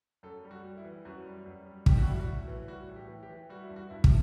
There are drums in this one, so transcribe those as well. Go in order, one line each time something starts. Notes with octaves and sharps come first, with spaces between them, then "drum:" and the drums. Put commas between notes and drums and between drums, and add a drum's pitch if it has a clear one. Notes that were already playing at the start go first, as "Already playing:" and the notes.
F#2 A4
G3
F#4
G3
E4
E3
F#2 F#4
G3
F#2
G3
A2 G4, drum: kick
F#4
G3 E4
F#4
A2
E3
G3 F#4
A2
G4
E3
G4
E3
G3 F#4
E4
G2
F#4
G2 E4
drum: kick